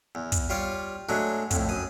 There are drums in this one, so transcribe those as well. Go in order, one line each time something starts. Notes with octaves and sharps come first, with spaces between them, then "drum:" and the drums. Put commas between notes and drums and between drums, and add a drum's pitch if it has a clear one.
E2
drum: kick, hi-hat
G3 F4 C#5 D5 F5
F#3 G#3 A3 D4 F#4
F2 A2, drum: kick, hi-hat
F#2 D#6